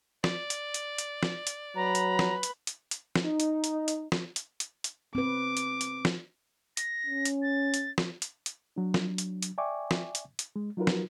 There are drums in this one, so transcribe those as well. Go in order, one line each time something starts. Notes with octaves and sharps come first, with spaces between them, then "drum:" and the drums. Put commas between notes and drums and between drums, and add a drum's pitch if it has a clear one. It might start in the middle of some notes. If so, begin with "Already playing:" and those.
D5, drum: snare
drum: hi-hat
drum: hi-hat
drum: hi-hat
drum: snare
drum: hi-hat
F#3 B4 A#5 B5
drum: hi-hat
drum: snare
drum: hi-hat
drum: hi-hat
drum: hi-hat
drum: snare
D#4
drum: hi-hat
drum: hi-hat
drum: hi-hat
drum: snare
drum: hi-hat
drum: hi-hat
drum: hi-hat
C4 B4 D6
drum: hi-hat
drum: hi-hat
drum: snare
A#6, drum: hi-hat
C#4
drum: hi-hat
A6
drum: hi-hat
drum: snare
drum: hi-hat
drum: hi-hat
F#3 D4
drum: snare
drum: hi-hat
drum: hi-hat
D5 E5 G5 G#5 C#6 D6
drum: snare
drum: hi-hat
drum: hi-hat
G#3
F#3 D#4 F4 F#4 A#4 B4
drum: snare